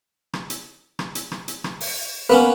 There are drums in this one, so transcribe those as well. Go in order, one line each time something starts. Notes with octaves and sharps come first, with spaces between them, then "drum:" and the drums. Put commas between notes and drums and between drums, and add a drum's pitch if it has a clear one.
drum: rim click
drum: hi-hat
drum: rim click
drum: hi-hat
drum: rim click
drum: hi-hat
drum: rim click
drum: open hi-hat
A#3 B3 C#4 B4